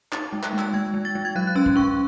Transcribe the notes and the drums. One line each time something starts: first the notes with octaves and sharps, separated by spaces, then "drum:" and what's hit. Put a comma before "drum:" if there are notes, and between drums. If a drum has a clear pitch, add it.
D#4 A6, drum: clap
G#3
F#6, drum: clap
G#3
E6, drum: clap
G#3 G#6
G#3
A6
G#3
G#6
F#3 F#6
F#6
C#4 E6
drum: kick
C#4 C#6